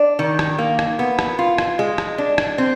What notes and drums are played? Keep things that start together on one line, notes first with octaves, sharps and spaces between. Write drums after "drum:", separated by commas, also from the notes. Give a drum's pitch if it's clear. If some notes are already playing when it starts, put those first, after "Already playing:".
Already playing: D4
D#3
drum: rim click
A#3
drum: rim click
B3
drum: rim click
F4
drum: rim click
G#3
drum: rim click
D4
drum: rim click
C4